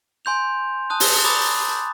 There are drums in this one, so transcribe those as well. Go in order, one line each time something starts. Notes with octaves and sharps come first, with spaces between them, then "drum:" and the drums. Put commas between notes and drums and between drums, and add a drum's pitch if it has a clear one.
G#5 C6 G6 F7
A5 D#6 F#6
drum: open hi-hat
A#5 B5 D6 D#6 A6